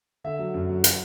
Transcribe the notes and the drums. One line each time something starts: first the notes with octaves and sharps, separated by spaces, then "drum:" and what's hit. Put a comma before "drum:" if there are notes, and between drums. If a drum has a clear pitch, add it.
D3 E5
F#3
F#2
F#3
F#3, drum: hi-hat